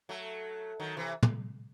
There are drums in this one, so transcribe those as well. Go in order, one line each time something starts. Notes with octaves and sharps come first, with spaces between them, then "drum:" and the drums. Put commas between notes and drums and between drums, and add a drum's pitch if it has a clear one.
F#3 A3
D#3 F#3
C3 E3
drum: tom